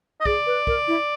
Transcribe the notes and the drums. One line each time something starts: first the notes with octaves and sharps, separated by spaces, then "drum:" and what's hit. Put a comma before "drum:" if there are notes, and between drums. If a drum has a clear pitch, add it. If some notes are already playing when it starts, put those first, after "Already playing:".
D#5
G#4 D5, drum: kick
B4
A#4, drum: kick
E4